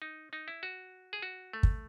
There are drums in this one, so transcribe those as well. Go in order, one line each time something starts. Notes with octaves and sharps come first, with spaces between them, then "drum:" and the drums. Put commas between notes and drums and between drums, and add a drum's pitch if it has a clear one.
D#4
D#4
E4
F#4
G#4
F#4
A3
drum: kick